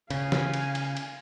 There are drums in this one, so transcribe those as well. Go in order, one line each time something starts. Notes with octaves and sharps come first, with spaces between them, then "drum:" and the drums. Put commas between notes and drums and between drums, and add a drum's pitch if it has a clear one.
C#3 F5 G#5, drum: cymbal
drum: snare
drum: cymbal
drum: cymbal
drum: cymbal